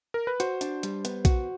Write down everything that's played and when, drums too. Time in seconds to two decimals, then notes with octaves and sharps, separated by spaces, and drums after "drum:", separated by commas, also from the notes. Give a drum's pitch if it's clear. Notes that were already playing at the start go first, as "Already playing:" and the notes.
0.14 A#4
0.27 B4
0.40 F#4 C5, drum: hi-hat
0.61 D4, drum: hi-hat
0.83 G3, drum: hi-hat
1.05 B3, drum: hi-hat
1.25 F#4, drum: kick A#1, hi-hat